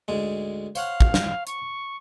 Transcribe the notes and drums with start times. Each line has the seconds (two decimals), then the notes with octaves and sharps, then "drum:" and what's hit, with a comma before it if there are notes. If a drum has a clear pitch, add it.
0.08 D2 G#2 G#3
0.75 C5 C#5 F5 F#5, drum: tambourine
1.00 drum: kick
1.14 drum: snare
1.47 C#6, drum: hi-hat